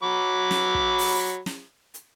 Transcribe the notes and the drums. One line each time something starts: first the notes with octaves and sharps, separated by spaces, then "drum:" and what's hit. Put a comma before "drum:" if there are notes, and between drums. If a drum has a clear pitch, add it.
F#3 B5 D6
drum: snare
drum: kick
drum: open hi-hat
drum: snare
drum: hi-hat